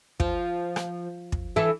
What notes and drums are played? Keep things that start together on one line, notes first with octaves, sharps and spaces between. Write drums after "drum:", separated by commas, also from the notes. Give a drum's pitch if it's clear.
F3, drum: kick
drum: rim click
drum: kick
E3 E4 A4